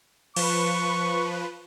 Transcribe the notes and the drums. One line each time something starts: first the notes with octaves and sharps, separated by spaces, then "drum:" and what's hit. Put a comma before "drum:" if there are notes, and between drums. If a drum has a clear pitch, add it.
F3 B4 C#6, drum: cymbal